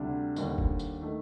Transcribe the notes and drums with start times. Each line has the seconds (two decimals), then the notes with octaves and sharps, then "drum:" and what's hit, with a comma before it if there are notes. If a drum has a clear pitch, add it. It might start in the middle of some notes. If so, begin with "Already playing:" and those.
Already playing: D2 C3 G3 D4
0.36 D#2 D3 G3, drum: tambourine
0.58 drum: kick F1
0.79 drum: tambourine
1.01 D#3 A3